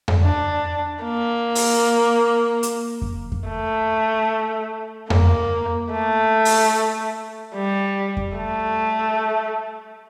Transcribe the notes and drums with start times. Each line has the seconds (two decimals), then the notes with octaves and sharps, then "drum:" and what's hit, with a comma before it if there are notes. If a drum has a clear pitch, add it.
0.08 drum: tom F2
0.23 D4
1.03 A#3
1.55 drum: open hi-hat
2.63 drum: hi-hat
3.02 drum: kick F2
3.32 drum: kick F2
3.48 A3
5.10 A#3, drum: tom F2
5.91 A3
6.45 drum: open hi-hat
7.55 G3
8.17 drum: kick F2
8.36 A3